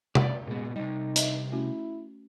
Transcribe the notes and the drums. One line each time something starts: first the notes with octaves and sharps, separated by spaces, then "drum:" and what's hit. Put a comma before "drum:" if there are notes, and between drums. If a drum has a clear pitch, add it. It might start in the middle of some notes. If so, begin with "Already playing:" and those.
D5, drum: tom C3
A#2 G#3 B3
C3 G3 D#4 D#5
D#5 E5, drum: hi-hat
A3 C#4 E4 F#4